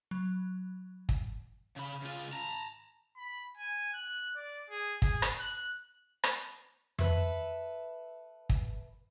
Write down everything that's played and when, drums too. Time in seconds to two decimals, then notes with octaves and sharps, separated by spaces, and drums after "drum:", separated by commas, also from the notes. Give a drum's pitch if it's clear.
0.11 F#3
1.09 drum: kick
1.76 C#3 B5
2.02 C#3 F4
2.33 A5 A#5
3.17 B5
3.57 G#5
3.94 F#6
4.36 D5
4.70 G#4
5.02 G#4, drum: kick
5.22 drum: rim click
5.39 F#6
6.23 drum: rim click
6.99 A4 B4 E5, drum: tom F2
8.49 drum: kick